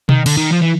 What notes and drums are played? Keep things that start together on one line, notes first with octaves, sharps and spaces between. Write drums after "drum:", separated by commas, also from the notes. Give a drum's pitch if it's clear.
D#3, drum: tom B2
D3, drum: cymbal
D#3
F3
E3